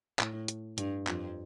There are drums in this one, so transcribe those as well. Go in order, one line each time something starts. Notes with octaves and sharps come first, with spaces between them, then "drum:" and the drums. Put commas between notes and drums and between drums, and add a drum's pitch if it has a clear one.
A2, drum: clap
drum: hi-hat
G2, drum: hi-hat
F2, drum: clap